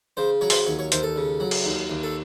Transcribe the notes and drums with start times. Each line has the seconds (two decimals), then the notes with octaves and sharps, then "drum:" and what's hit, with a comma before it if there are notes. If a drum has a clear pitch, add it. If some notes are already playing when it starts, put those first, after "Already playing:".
0.17 C#3 C5
0.41 F#3 C#5
0.50 C5, drum: open hi-hat
0.66 D#2 C#5
0.79 C#5
0.92 D#2 C5, drum: hi-hat
1.03 A4
1.16 C#3
1.40 F#3
1.51 drum: cymbal
1.66 D#2
1.90 D#2
2.03 A4